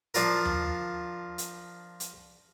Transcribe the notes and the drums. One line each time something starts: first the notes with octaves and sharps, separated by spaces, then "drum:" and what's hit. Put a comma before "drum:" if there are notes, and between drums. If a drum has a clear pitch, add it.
F3 D4 F4 A#4, drum: hi-hat
drum: tom D#2
drum: hi-hat
drum: hi-hat